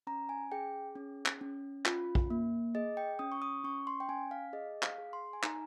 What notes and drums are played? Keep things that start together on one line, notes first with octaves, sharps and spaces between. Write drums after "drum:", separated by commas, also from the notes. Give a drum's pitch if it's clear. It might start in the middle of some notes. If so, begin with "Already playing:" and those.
C#4 A#5
G#5
G#4 G5
C#4
drum: clap
C#4
F4, drum: clap
drum: kick
A#3
G#4 D#5
G5
C#4 D#6
C#6
D#6
C#4 C#6
C6
G5
C#4 G#5
F5
G#4 D#5
F5, drum: clap
G#4
C6
G#5
D#4 A#5, drum: clap